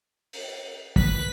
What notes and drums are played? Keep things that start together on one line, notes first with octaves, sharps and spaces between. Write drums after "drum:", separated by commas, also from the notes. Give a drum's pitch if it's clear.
drum: open hi-hat
B4 B6, drum: kick